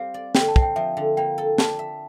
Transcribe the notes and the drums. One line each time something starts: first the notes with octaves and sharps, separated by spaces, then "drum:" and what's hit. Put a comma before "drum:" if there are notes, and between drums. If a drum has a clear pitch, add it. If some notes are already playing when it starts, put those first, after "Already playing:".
Already playing: G3 C4 G4 F5
D5
D3 G5, drum: snare
A5
C4, drum: kick
G5
F3 E5
D3
A#3 G5
A4
D4 A5, drum: snare
E5